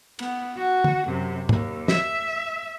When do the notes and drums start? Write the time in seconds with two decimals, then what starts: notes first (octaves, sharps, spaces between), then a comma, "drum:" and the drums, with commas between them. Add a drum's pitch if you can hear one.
0.19 B3, drum: cymbal
0.57 F#4
0.84 drum: tom
1.06 F#2 C3
1.49 D#2, drum: tom
1.88 E5, drum: snare